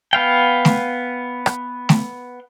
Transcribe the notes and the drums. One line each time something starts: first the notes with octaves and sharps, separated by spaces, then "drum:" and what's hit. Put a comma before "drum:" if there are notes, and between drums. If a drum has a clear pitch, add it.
B3 F5 G5
drum: snare A3
drum: rim click
drum: snare A3